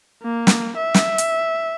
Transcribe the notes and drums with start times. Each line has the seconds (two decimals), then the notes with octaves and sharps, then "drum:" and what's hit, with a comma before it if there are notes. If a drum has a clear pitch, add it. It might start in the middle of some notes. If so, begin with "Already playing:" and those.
0.23 A#3
0.47 drum: snare
0.77 E5
0.94 drum: snare
1.18 drum: hi-hat